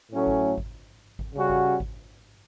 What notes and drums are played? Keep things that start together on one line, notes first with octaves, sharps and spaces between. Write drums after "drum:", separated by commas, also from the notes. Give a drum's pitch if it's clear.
A2 F#3 A3 C#4
drum: kick G#1
drum: kick G#1
drum: kick G#1
C#3 G3 C#4 F#4
drum: kick G#1
drum: kick G#1